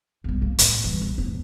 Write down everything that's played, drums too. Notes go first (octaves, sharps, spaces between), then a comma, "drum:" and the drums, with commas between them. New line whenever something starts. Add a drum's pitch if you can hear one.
B1 G3
A#3
A2, drum: hi-hat
E3 G3
A#1
E2 A2